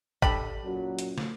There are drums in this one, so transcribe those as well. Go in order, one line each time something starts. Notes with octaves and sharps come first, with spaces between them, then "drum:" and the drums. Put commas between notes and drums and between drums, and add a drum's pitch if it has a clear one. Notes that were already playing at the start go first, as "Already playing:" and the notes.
D4 G4 A4 B5, drum: kick
F#2 A#2 F#3
drum: hi-hat
drum: snare